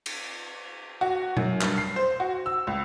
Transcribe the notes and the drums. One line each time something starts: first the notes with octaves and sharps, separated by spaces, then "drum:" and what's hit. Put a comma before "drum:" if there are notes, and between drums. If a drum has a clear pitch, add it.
drum: cymbal
F#4
F#2, drum: tom B2
G2, drum: clap
C7
C5
F#4
E6
C#2